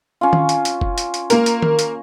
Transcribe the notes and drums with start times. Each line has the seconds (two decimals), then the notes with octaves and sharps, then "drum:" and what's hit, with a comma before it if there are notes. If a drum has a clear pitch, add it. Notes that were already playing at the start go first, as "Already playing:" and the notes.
0.21 C#4 F4
0.33 drum: tom D#3
0.49 drum: hi-hat
0.65 drum: hi-hat
0.81 drum: kick F#1
0.98 drum: hi-hat
1.14 drum: hi-hat
1.30 A#3 A#4, drum: hi-hat
1.46 drum: hi-hat
1.62 drum: tom D#3
1.79 drum: hi-hat